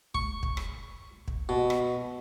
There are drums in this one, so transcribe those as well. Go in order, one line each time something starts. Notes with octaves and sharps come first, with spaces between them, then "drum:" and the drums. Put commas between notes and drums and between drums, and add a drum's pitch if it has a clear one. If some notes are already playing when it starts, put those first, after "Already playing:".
C#6, drum: kick
drum: kick
drum: rim click
drum: kick
B2
drum: rim click